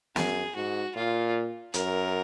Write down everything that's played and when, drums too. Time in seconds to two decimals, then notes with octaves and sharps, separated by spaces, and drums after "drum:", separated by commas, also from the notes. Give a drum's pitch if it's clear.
0.16 F#2 G#4, drum: snare
0.55 G#2 F#4
0.95 A#2 F4
1.74 F#2 A#4, drum: hi-hat